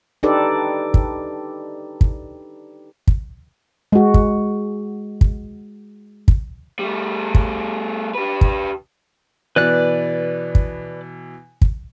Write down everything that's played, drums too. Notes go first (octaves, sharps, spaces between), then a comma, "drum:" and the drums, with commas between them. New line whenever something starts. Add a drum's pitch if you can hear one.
D4 D#4 G4 A4 B4 D5
drum: kick
drum: kick
drum: kick
G#3 F#4
drum: kick
drum: kick
drum: kick
G3 A3
drum: kick
G4 B4
drum: kick
B2 E3 B4 D5 F#6
drum: kick
drum: kick